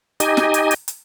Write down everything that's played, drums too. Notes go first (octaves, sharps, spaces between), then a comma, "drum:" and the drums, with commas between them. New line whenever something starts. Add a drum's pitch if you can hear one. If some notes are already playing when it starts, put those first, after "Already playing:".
D#4 G4 D#5 G#5, drum: hi-hat
drum: snare
drum: hi-hat
drum: hi-hat
drum: hi-hat